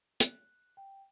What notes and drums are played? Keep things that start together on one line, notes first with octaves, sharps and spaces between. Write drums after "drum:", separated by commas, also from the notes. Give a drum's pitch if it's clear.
F#6, drum: hi-hat
G5